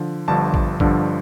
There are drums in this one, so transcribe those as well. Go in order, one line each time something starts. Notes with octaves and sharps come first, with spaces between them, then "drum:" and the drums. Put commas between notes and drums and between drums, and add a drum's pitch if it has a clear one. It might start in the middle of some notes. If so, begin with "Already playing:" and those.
Already playing: D3 F3
G1 G2 D3 F3 A5
drum: kick A1
G1 G2 D3 F3, drum: kick A1